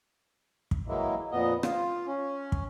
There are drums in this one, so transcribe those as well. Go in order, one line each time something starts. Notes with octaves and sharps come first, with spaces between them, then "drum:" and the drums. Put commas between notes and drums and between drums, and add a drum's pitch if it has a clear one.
drum: kick
E3 F#3 G#3 A#3 E4
F2 A#2 B3 D#5
F4, drum: rim click
C#4
drum: kick